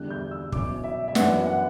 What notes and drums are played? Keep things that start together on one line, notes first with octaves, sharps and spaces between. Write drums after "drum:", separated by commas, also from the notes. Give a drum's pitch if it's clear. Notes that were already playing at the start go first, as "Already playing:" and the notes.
Already playing: E2 D3 G3 D4 F#6
G6
E6
B2 F#3 C#4 E4 D6, drum: kick
E5
E5
F#2 E3 B3 D4 F#5, drum: snare
F#5